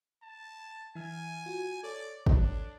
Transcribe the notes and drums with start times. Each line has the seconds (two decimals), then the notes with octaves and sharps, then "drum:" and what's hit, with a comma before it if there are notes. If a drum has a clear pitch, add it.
0.22 A5
0.95 E3 E5 G#5 F6
1.46 F4 F#4
1.83 A4 C#5 D5
2.26 D4, drum: kick